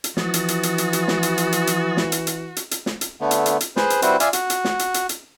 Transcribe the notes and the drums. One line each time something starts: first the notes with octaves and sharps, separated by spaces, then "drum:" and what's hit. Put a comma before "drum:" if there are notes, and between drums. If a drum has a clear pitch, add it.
drum: hi-hat
E3 F3 F#4 D#6 A6, drum: snare
drum: hi-hat
drum: hi-hat
drum: hi-hat
drum: hi-hat
drum: hi-hat
drum: snare
drum: hi-hat
drum: hi-hat
drum: hi-hat
drum: hi-hat
drum: snare
drum: hi-hat
drum: hi-hat
drum: hi-hat
drum: hi-hat
drum: snare
drum: hi-hat
D3 A3 B3
drum: hi-hat
drum: hi-hat
drum: hi-hat
G#4 B4 C5, drum: snare
drum: hi-hat
G3 C4 E4 F#4 B4 C5, drum: hi-hat
F4 D5 E5 F5 G#5, drum: hi-hat
F#4, drum: hi-hat
drum: hi-hat
drum: snare
drum: hi-hat
drum: hi-hat
drum: hi-hat